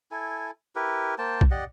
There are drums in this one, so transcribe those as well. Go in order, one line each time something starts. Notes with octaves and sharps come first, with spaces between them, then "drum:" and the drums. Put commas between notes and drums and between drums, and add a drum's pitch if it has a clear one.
E4 A4 G#5
E4 G4 A#4 B4
A#3 C5 G5 A5
drum: kick B1
G4 D5 D#5 F#5